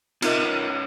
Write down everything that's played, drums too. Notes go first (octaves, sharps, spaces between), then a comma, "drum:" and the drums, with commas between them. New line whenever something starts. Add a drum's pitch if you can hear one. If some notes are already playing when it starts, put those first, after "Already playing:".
C4 D#4 F4 A#4 D#5 E5, drum: cymbal
C#4 B4